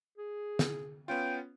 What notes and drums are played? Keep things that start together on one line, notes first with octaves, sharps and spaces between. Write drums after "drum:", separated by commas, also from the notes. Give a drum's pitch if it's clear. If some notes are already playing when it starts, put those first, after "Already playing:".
G#4
drum: snare
B3 C#4 F4 G5